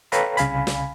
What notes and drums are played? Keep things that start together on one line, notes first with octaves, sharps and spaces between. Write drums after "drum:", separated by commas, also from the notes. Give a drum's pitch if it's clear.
A4 B4 C#5 F5 G5 A#5, drum: hi-hat
C2 C#3 F5 G#5 B5, drum: hi-hat
drum: snare